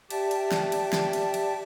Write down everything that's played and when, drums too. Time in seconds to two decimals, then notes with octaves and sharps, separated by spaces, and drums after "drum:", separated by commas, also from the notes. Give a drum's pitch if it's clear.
0.10 G4 D5 E5 G5 A5, drum: cymbal
0.31 drum: cymbal
0.52 drum: snare
0.72 drum: cymbal
0.93 drum: snare
1.13 drum: cymbal
1.34 drum: cymbal